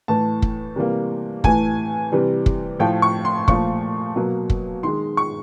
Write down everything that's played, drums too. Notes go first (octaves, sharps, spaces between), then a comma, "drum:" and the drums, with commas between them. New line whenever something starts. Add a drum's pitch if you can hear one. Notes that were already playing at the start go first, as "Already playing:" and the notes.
A2 E3 A3 A5
drum: kick
C3 E3 G3 A#3
A2 E3 A3 G#5, drum: kick
C3 E3 G3
drum: kick
A2 F3 A3 G5
C#6
C6
A#2 F3 A3 C#6, drum: kick
B2 F#3 A#3
drum: kick
D#3 G#3 C6
C#6